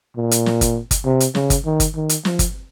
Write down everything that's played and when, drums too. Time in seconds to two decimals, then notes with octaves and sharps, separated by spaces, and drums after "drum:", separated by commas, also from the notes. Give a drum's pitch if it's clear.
0.17 A#2
0.31 drum: hi-hat
0.46 drum: snare
0.61 drum: kick G1, hi-hat
0.91 drum: kick G1, hi-hat
1.05 C3
1.20 drum: hi-hat
1.35 C#3, drum: snare
1.50 drum: kick G1, hi-hat
1.66 D#3
1.80 drum: kick G1, hi-hat
1.95 D#3
2.09 drum: hi-hat
2.25 F3, drum: snare
2.39 drum: kick G1, hi-hat